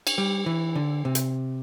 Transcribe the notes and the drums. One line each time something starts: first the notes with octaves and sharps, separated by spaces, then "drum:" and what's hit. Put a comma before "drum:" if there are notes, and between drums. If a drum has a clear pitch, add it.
drum: cymbal
G3
E3
D3
C3
drum: hi-hat